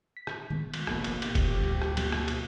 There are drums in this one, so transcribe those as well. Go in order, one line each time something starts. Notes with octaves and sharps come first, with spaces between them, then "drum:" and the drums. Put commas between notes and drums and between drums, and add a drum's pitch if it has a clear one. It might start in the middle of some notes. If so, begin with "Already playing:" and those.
B6
drum: rim click
D#3 G#3 B3
drum: cymbal
F1 A#1 A#3 B3, drum: rim click
drum: cymbal
A#2 G4, drum: cymbal
drum: kick, cymbal
D2 G2 A#2
drum: rim click
B2 F#3 A#3, drum: cymbal
drum: rim click
drum: cymbal